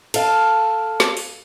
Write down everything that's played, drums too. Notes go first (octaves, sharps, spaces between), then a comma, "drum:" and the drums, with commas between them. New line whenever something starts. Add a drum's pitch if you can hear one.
A4 F5, drum: cymbal
drum: snare
drum: open hi-hat